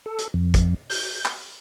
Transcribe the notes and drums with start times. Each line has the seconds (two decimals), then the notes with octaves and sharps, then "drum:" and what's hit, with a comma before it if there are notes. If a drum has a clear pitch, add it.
0.06 A4
0.18 drum: hi-hat
0.34 F2
0.54 drum: kick, hi-hat
0.90 G6, drum: open hi-hat
1.25 drum: clap